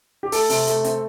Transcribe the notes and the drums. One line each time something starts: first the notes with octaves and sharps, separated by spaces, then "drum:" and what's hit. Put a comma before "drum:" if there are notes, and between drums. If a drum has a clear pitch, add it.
G4
A3 A4, drum: open hi-hat
C3, drum: open hi-hat
A3, drum: hi-hat
C4, drum: hi-hat